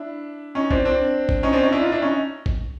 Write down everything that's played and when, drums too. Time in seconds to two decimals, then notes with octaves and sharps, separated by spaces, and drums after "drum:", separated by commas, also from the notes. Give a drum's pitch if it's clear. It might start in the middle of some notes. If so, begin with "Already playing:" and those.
Already playing: D4 E4
0.55 C#4 D#4
0.71 C4 D4, drum: kick
0.85 C4 D4
1.29 drum: kick
1.43 C#4 D#4
1.53 C4 D4
1.63 C#4 D#4
1.72 D4 E4
1.82 D#4 F4
1.92 D4 E4
2.02 C#4 D#4
2.46 drum: kick